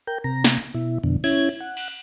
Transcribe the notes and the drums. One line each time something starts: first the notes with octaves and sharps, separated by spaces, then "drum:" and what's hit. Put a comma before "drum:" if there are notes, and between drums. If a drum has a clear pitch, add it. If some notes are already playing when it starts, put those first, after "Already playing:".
A#4 G5
C3 A#5
drum: snare
B2 E4
F2 B2 D3
C#4 E4 G#6, drum: cymbal
F#5
drum: cymbal